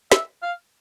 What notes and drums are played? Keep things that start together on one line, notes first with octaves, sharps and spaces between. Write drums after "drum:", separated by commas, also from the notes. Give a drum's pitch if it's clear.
E5, drum: snare
F5